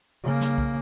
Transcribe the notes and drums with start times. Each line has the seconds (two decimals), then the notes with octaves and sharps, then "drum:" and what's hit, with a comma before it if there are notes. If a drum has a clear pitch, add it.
0.23 C#3 A#3
0.41 drum: snare
0.58 drum: kick B1